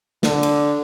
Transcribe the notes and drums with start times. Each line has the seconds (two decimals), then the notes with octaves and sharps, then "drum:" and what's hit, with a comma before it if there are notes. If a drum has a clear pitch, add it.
0.23 D3, drum: snare
0.43 drum: cymbal